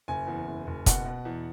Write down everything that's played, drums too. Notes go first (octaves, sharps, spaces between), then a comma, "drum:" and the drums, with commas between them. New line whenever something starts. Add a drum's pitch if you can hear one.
F#1 G#5
E2
F#1
F#1
B2 F#5, drum: kick, hi-hat
B2
E2